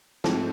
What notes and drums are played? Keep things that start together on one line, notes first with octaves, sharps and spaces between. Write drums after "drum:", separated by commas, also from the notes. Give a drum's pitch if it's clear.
G#2 F3 A3 C4 A4, drum: snare